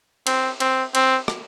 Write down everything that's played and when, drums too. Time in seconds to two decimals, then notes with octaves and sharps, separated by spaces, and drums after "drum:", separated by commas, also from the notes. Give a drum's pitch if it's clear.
0.27 C4, drum: cymbal
0.60 C4, drum: cymbal
0.95 C4, drum: cymbal
1.28 drum: rim click